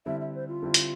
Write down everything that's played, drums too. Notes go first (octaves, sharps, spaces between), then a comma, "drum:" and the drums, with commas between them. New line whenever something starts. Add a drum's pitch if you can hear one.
D3 G3 C4 E4 E5
E5
C5
F4
D3 G3 C4 E4
drum: hi-hat